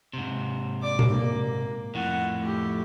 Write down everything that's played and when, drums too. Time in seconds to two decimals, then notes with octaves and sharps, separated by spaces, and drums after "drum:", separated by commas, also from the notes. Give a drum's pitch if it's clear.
0.13 G#2 C3
0.82 D5 D6
0.99 drum: tom A#2
1.11 A#3
1.95 F2 A2 F#5
2.39 A3 G4